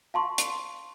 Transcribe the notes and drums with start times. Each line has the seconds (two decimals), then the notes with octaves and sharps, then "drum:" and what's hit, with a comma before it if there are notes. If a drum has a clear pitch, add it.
0.14 F5 A5 C6 C#6
0.38 drum: hi-hat